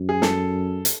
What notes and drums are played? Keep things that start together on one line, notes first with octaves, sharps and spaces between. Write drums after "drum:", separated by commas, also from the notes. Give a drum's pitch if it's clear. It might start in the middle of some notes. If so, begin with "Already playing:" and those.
Already playing: F#2
G#4
A4, drum: snare
drum: hi-hat